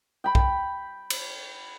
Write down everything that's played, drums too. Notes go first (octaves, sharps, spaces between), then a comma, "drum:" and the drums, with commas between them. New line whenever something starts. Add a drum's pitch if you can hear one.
G5 B5
drum: kick B1
drum: cymbal